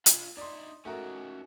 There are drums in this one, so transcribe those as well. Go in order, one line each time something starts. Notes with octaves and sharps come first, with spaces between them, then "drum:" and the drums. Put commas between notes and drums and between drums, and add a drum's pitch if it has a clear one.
F4 B5, drum: hi-hat
D#4 E4 D5 C6
A3 C#4 D#4 F#4 A#4